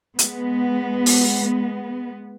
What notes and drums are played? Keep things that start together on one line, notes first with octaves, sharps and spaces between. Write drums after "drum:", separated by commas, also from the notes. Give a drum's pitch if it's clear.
G#3 B3, drum: hi-hat
drum: open hi-hat